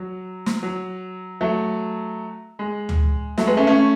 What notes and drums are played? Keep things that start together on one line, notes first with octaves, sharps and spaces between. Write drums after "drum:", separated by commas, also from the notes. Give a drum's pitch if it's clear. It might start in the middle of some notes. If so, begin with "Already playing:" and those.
Already playing: F#3
drum: snare
F#3
F#3 A3
G#3
drum: tom D2
F#3 A3, drum: snare
G#3 B3
A3 C#4
A3 C#4